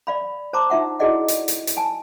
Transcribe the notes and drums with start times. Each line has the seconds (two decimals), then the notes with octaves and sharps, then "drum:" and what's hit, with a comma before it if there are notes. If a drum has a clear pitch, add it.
0.07 D5 F5 B5
0.53 C5 A5 A#5 C6 D6
0.70 D#4 F4 E5 F#5
0.99 E4 F#4 G#4 D5 D#5 F#5
1.28 drum: hi-hat
1.48 drum: hi-hat
1.67 drum: hi-hat
1.77 G#5 A5